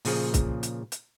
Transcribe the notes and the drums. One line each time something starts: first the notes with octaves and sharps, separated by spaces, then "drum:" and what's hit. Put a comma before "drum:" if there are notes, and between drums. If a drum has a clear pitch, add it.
A#2 C#3 F3 G#4, drum: open hi-hat
drum: kick C2, hi-hat
drum: hi-hat
drum: hi-hat